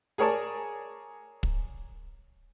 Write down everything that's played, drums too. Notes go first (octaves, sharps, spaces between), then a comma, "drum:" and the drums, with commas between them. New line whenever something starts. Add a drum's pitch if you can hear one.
G#4 A#4 C#5 D5 A5
drum: kick